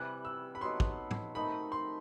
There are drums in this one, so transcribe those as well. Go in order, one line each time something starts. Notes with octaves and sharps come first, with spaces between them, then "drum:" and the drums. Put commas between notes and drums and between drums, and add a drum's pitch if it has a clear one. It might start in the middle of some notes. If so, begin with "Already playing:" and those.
Already playing: C3 E3 G3 F#6
E6
B5
F#3 B3 D#4 A4 C6
drum: kick
drum: tom G#2
D#3 A3 C4 D#4 B5
C6